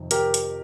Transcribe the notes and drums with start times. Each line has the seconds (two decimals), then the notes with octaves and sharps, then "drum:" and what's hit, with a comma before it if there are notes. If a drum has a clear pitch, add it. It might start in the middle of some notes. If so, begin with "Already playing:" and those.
Already playing: F2 C3 D#3
0.11 G4 A#4, drum: hi-hat
0.34 drum: hi-hat